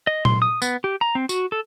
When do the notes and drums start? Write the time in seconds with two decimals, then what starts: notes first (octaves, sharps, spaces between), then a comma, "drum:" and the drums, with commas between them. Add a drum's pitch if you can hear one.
0.07 D#5
0.25 C6, drum: tom A#2
0.42 D#6
0.62 B3, drum: tambourine
0.84 G4
1.01 A#5
1.15 C4
1.29 F#4, drum: tambourine
1.52 A4